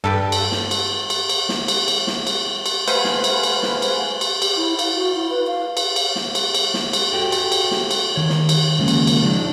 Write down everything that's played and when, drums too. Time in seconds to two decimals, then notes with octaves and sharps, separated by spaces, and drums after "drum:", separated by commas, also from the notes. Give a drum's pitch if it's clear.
0.04 G2 A4 B4 G5
0.32 drum: cymbal
0.52 drum: snare
0.71 drum: cymbal
1.10 drum: cymbal
1.29 drum: cymbal
1.49 drum: snare
1.68 drum: cymbal
1.88 drum: cymbal
2.07 drum: snare
2.27 drum: cymbal
2.66 drum: cymbal
2.88 A3 B4 C5 F5 F#5 G#5, drum: cymbal
3.04 drum: snare
3.24 drum: cymbal
3.43 drum: cymbal
3.63 drum: snare
3.82 drum: cymbal
4.21 drum: cymbal
4.42 G4, drum: cymbal
4.56 E4
4.79 F5, drum: cymbal
4.95 F#4
5.15 E4
5.30 B4
5.47 F5
5.77 drum: cymbal
5.96 drum: cymbal
6.16 drum: snare
6.35 drum: cymbal
6.54 drum: cymbal
6.74 drum: snare
6.93 drum: cymbal
7.13 F#4 G4 A4 G5
7.32 drum: cymbal
7.52 drum: cymbal
7.71 drum: snare
7.91 drum: cymbal
8.16 D#3 C#5
8.29 drum: snare
8.49 drum: cymbal
8.79 C#3 F3 G#3 A#3 C#4
8.88 drum: cymbal
9.07 drum: cymbal
9.22 F3 G#3 D4 D#4